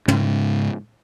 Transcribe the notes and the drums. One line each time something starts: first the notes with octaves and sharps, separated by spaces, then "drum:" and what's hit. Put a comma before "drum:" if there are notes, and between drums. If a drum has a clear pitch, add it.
G#2 C#3, drum: tom